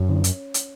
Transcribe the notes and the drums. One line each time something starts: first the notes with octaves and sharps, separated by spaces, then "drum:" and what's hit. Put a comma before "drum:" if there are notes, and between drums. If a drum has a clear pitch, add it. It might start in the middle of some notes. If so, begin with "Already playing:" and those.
Already playing: F#2 C#4
D3
drum: hi-hat
drum: hi-hat